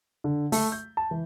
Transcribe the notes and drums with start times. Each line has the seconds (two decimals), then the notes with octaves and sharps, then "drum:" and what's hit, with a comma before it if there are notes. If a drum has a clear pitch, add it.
0.24 D3
0.52 A3, drum: open hi-hat
0.72 G6
0.97 A5
1.11 E3